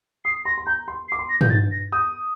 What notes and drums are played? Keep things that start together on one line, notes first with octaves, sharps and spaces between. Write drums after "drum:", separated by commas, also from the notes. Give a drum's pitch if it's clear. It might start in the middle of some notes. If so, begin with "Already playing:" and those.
D#6 C7
C6 A#6
C6
A#5 G6
C6
C7
D6
C6
A#6
G6, drum: tom
A6
A#6
D#6 G6